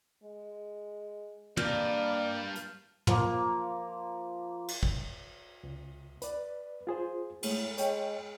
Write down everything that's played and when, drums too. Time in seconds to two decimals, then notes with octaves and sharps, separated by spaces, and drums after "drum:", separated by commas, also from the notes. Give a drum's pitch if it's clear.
0.23 G#3
1.57 G2 A#3 D5 F6 G6 A6, drum: tom
2.56 drum: hi-hat
3.07 F3 A#3, drum: tom
4.68 drum: cymbal
4.83 drum: kick
5.63 C#2
6.22 B4 D5, drum: hi-hat
6.87 F4 G#4 C5
7.43 A2 G#3 A3 G#4, drum: cymbal
7.78 G#3 C#5 G5, drum: hi-hat